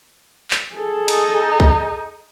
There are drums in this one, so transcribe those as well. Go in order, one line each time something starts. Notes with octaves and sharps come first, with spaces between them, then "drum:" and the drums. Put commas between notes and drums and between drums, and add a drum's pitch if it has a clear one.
drum: clap
G#4 A4
D#4, drum: cymbal
drum: kick